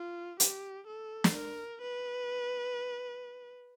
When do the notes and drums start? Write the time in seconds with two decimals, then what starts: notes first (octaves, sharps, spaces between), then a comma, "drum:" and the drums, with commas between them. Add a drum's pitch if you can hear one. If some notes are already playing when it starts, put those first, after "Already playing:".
Already playing: F4
0.40 G4, drum: hi-hat
0.87 A4
1.24 drum: snare
1.34 A#4
1.81 B4